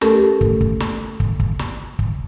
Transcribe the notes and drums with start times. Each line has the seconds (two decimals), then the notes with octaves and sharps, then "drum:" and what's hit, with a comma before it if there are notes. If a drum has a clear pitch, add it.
0.01 A3 C#4 G4 A4 A#4, drum: snare
0.41 drum: kick
0.61 drum: kick
0.80 drum: snare
1.20 drum: kick
1.40 drum: kick
1.59 drum: snare
1.99 drum: kick